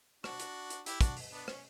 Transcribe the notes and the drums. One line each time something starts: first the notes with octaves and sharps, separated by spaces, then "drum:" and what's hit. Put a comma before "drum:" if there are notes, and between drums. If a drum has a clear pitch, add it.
D4 F#4, drum: rim click
drum: hi-hat
drum: hi-hat
E4 G4, drum: hi-hat
D4 F#4, drum: kick, hi-hat
drum: open hi-hat
B3 D4
C#4, drum: rim click